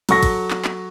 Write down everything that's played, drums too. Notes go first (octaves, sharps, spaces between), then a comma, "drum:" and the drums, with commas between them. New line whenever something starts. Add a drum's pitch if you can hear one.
F#3 A4 C#6 A#6, drum: cymbal
drum: kick A1, cymbal
drum: clap
drum: clap